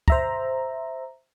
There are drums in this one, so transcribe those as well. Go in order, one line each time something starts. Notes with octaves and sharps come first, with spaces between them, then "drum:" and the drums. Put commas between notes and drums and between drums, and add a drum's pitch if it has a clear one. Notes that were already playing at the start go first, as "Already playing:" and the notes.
C5 E5 A#5, drum: kick